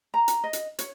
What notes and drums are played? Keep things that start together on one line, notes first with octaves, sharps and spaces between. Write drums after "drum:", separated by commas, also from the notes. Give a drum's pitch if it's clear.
A#5
drum: hi-hat
D#5
drum: hi-hat
C#5, drum: hi-hat